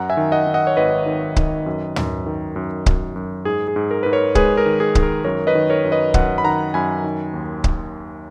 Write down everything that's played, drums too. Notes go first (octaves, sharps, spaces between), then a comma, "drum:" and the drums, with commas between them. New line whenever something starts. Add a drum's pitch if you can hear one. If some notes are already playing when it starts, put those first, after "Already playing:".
Already playing: F#2 F#5 A#5
E5 G#5
D#3
D#5 F#5
D#3
D#5 F#5
C#5
G#1 B4 D#5
D#3
D#3, drum: kick C#1
F#2
F#2, drum: tom
D#3
F#2
F#2, drum: kick C#1
F#2
G#2 G#4
G#4
G#2
A#4
G#2 B4
A#4 C#5
G#3 G#4 B4, drum: kick C#1
A#4
D#3
G#4
D#3, drum: kick C#1
A#4
F#2 A#4 C#5
B4 D#5
D#3
A#4 C#5
F#2
B4 D#5
F#2 D#5 F#5, drum: kick C#1
B5
D#3 F#5 A#5
F#2 G#5 B5
D#3
D#2
drum: kick C#1